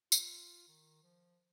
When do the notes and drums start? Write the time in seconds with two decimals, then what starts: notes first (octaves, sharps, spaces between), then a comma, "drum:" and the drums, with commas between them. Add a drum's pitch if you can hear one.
0.12 F4, drum: tambourine
0.68 D#3
1.03 F3